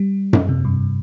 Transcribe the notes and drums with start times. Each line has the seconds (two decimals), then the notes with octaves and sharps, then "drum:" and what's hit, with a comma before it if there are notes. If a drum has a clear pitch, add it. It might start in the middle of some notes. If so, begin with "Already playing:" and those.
Already playing: G3
0.33 drum: tom F#2
0.49 C3
0.65 G2